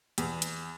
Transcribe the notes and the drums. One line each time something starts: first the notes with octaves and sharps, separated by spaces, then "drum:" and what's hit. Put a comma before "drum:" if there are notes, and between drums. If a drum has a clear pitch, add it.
E2, drum: hi-hat
drum: hi-hat